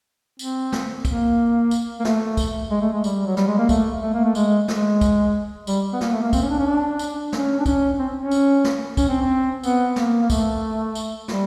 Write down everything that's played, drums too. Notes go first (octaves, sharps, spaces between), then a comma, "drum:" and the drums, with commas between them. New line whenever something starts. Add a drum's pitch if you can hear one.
C4, drum: tambourine
drum: snare
A#3, drum: kick, tambourine
drum: tambourine
A#3
A3, drum: snare
drum: kick, tambourine
G#3
A3
G#3
G3, drum: tambourine
F#3
G3, drum: snare
G#3
A#3
A3, drum: kick, tambourine
A3
A#3
A3
G#3, drum: tambourine
G#3, drum: snare
drum: kick, tambourine
G3, drum: tambourine
B3
A#3, drum: snare
A3
A#3
C4, drum: kick, tambourine
C#4
D4
C#4
D4
drum: tambourine
C#4, drum: snare
D4
C#4, drum: kick, tambourine
C4
C#4
drum: tambourine
drum: snare
C#4, drum: kick, tambourine
C4
C4
B3, drum: tambourine
A#3, drum: snare
A#3
A3, drum: kick, tambourine
drum: tambourine
G3, drum: snare